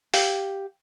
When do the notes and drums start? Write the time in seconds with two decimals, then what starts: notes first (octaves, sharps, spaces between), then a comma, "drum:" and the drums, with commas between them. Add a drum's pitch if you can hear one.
0.14 G4 F5, drum: open hi-hat